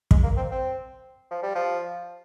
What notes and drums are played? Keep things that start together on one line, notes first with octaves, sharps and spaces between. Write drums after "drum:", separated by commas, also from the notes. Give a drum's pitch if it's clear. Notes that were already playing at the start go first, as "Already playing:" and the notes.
G#3, drum: kick
A#3
C4
C4
F3
G3
F3